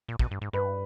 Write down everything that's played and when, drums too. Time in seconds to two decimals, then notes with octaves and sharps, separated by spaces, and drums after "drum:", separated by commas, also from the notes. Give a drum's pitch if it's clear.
0.08 A#2
0.19 B2, drum: kick
0.31 G2
0.41 G#2
0.53 G2 B4